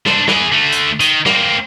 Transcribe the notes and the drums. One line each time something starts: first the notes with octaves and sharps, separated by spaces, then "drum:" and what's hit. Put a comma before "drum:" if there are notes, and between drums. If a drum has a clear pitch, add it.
D4 C5, drum: snare
E3 G#4, drum: snare
D3 A3
drum: hi-hat
D#3, drum: hi-hat
A#3 C4, drum: snare